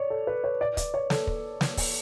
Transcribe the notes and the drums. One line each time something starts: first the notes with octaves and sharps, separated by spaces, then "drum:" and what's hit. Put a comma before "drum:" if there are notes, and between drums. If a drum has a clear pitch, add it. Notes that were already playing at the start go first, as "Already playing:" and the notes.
Already playing: C#5 D5
A4
B4
C#5
D5
D5, drum: kick, hi-hat
C#5
A4, drum: snare
drum: kick
drum: snare
drum: kick, open hi-hat